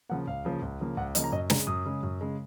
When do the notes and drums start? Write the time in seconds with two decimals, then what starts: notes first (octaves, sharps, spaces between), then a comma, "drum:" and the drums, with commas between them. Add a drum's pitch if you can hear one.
0.09 C#3 F3 A#3 F#5
0.27 C#2 F5
0.45 C#3 F3 A#3
0.62 C#2
0.80 C#3 F3 A#3
0.97 C#2 F#5
1.15 C#3 F3 A#3 D#5, drum: hi-hat
1.24 A#5
1.32 F#2 D#5
1.50 C#3 G#3 A#5, drum: snare
1.67 F#2 D#6
1.85 C#3 G#3
2.03 F#2
2.21 C#3 G#3